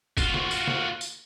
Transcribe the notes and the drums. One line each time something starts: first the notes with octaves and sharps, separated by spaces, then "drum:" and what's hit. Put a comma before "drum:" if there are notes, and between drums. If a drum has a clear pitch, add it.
F4 F#4, drum: kick, tambourine
drum: snare
drum: tambourine
drum: snare
drum: tambourine